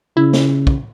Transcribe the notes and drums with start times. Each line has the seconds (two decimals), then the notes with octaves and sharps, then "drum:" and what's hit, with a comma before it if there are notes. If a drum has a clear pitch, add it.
0.17 C#3 E4
0.33 drum: snare
0.67 drum: kick